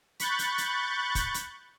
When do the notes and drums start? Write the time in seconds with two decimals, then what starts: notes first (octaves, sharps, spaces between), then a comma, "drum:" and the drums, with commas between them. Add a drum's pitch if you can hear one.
0.20 B5 C#6 F#6 G6 A6, drum: hi-hat
0.39 drum: hi-hat
0.58 drum: hi-hat
1.15 drum: kick, hi-hat
1.34 drum: hi-hat